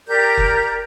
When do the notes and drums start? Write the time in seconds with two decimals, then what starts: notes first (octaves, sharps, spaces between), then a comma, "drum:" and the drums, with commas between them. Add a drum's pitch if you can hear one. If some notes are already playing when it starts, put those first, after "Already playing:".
0.08 G4 A#4 D5 G6
0.37 drum: kick